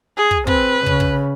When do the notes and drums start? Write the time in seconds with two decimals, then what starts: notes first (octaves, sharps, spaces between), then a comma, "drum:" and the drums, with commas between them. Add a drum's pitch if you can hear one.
0.17 G#4
0.31 drum: kick
0.47 C4 B4, drum: kick
0.86 C#3, drum: kick
1.00 drum: kick